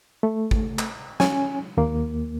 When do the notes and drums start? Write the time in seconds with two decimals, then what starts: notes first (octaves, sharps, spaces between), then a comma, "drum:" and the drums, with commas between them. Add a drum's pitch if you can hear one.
0.23 A3
0.51 drum: kick G#1
0.79 drum: clap
1.20 C#4 G#5, drum: snare
1.77 D#2 A#3